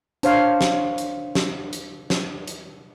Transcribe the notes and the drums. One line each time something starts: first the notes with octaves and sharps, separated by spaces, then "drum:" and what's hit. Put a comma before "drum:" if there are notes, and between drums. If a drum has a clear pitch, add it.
D4 C5 C#5 F5, drum: hi-hat
drum: snare
drum: hi-hat
drum: snare
drum: hi-hat
drum: snare
drum: hi-hat